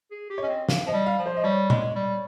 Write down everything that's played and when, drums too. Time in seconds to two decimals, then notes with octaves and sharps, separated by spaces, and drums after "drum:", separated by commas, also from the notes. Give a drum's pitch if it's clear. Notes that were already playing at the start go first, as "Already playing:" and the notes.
0.11 G#4
0.30 G4
0.38 C#5
0.42 C#4 D#5
0.49 C4
0.69 F5, drum: snare
0.87 F3 D#5
0.93 G3
1.06 F5
1.19 F3
1.26 C5
1.37 D#5
1.44 G3 C#5
1.70 G#3, drum: tom A#2
1.95 G3